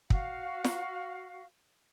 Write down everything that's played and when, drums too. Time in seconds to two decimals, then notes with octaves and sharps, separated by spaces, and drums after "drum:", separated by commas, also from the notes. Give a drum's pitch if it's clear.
0.10 F#4 F5, drum: kick
0.64 drum: snare